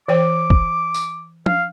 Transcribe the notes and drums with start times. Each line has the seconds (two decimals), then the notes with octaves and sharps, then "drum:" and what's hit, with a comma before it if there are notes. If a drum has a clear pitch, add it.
0.08 E3 C5 G5 D6
0.50 drum: kick F1
0.94 drum: tambourine
1.46 F5, drum: tom